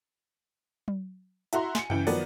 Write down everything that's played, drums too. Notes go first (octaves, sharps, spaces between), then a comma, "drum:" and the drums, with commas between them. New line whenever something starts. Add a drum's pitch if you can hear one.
drum: tom F#3
E4 F#4 A#5 C6, drum: hi-hat
G#5 C#7, drum: snare
C#3 E3 G5, drum: tom F#2
D#3 F3 F#3 B3 D5, drum: open hi-hat